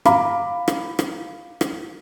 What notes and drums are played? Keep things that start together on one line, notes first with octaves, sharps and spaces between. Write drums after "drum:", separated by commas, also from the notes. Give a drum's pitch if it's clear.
F5 A#5 B5 D6, drum: rim click
drum: rim click
drum: rim click
drum: rim click